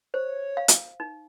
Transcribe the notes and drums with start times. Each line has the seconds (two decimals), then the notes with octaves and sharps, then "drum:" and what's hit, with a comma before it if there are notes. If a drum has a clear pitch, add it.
0.14 C5 C#5
0.57 F5
0.68 drum: hi-hat
1.00 D#4